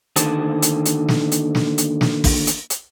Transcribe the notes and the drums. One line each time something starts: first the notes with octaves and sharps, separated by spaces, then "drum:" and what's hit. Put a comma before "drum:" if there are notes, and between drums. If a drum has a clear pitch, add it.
D#2 D3 D#3 C5 A5, drum: hi-hat
drum: hi-hat
drum: hi-hat
drum: snare
drum: hi-hat
drum: snare
drum: hi-hat
drum: snare
drum: kick, open hi-hat
drum: hi-hat
drum: hi-hat